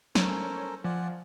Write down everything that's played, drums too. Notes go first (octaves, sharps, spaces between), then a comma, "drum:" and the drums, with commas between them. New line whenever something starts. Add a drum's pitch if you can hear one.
C#4 A4 A#4 C5, drum: snare
F3 D5 F#5 G#5